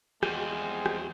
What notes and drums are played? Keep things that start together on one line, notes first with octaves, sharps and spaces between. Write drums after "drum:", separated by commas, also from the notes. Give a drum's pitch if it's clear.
E2 F3 G3 G#3 C4, drum: rim click
drum: rim click